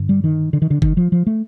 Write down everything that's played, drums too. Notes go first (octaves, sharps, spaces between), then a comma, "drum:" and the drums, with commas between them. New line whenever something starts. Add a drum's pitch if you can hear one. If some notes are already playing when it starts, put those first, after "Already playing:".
Already playing: G2 D3
G3
D#3
D3
D#3
D3
D#3, drum: kick F#1
F3
F3
A3